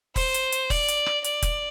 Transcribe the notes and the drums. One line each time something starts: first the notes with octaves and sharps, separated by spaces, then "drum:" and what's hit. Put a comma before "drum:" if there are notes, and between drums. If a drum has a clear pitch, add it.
C5, drum: kick, open hi-hat
drum: hi-hat
drum: hi-hat
D5, drum: kick, open hi-hat
drum: hi-hat
drum: rim click
D5, drum: hi-hat
drum: kick, hi-hat